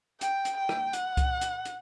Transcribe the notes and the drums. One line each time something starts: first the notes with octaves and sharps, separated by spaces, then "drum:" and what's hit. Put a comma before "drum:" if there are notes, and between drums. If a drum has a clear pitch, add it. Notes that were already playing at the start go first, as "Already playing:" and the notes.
G5, drum: hi-hat
drum: hi-hat
G5
drum: rim click
F#5, drum: hi-hat
drum: kick C2, hi-hat
drum: hi-hat
drum: hi-hat